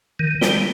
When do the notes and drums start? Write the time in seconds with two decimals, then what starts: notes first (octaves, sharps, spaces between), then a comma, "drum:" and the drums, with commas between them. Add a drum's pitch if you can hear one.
0.19 D#3
0.41 G3, drum: snare